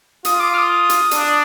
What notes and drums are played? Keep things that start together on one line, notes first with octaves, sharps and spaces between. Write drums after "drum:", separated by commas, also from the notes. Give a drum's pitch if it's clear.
F4 D#6, drum: hi-hat
D6
F6
D#6
drum: hi-hat
D4, drum: hi-hat